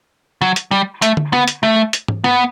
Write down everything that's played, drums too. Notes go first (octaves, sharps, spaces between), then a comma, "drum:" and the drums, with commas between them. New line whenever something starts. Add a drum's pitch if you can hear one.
F#3, drum: rim click
drum: hi-hat
G3, drum: rim click
A3, drum: hi-hat
drum: tom D3
B3, drum: rim click
drum: hi-hat
A3, drum: rim click
drum: hi-hat
drum: tom G#2
B3, drum: rim click